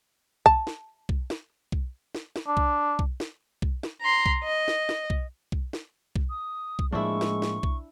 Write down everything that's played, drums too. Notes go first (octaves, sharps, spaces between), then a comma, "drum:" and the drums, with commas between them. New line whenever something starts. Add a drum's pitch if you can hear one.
A5, drum: kick B1
drum: snare
drum: kick B1
drum: snare
drum: kick B1
drum: snare
drum: snare
D4
drum: kick B1
drum: kick B1
drum: snare
drum: kick B1
drum: snare
A#5 C6
drum: kick B1
D#5
drum: snare
drum: snare
drum: kick B1
drum: kick B1
drum: snare
drum: kick B1
D#6
drum: kick B1
A2 F3 G#3 A#3 D4 E4 C#6
drum: snare
drum: snare
drum: kick B1